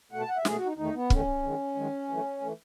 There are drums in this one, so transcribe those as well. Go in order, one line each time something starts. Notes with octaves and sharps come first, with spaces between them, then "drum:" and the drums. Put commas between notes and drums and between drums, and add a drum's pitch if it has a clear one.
B2 A3 F#5
A5
F#5
E5
B2 A3 G#4, drum: snare
F#4
D#4
E2 D#3 A3 D#4
B3
E2 D#3 A3 C#4, drum: kick
F#2 D#3 G#3
F#2 D#3 G#3
F#2 E3 A3
E3 A3